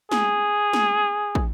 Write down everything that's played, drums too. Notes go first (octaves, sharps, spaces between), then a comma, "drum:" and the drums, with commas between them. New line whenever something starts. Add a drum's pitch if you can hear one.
G#4, drum: snare
drum: snare
drum: kick